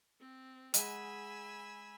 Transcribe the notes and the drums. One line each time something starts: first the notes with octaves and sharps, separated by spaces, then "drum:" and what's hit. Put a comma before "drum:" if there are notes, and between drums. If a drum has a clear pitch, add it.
C4
G#3 D#5 F#5 G#5 B5 E6, drum: hi-hat